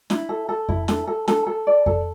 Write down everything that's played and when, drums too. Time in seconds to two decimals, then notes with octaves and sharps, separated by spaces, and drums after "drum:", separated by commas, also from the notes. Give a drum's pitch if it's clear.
0.10 E4, drum: snare
0.29 A4
0.49 A4
0.69 E4, drum: kick F2
0.88 A4, drum: snare
1.07 A4
1.28 A4, drum: snare
1.47 A4
1.67 D5
1.86 A4, drum: kick F2